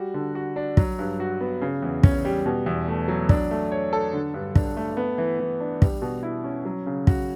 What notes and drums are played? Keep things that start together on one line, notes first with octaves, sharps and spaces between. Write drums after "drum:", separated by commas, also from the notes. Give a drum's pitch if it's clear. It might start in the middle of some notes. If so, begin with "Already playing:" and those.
Already playing: G3 F#4
D3
F#4
D4
F#3, drum: kick
G2
F#4
B3
C#3
E2
C#4, drum: kick
G3
B2
E2
A3
F#3
D4, drum: kick
A3
C#5
A4
D3
G2
D4, drum: kick
A3
B3
E3
E3
D4
G3, drum: kick
B2
E4
C#4
F#3
C#3
F#4, drum: kick